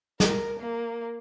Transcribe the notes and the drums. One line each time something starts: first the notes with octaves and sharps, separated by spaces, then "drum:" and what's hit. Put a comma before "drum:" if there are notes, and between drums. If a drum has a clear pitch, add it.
A#4, drum: snare
A#3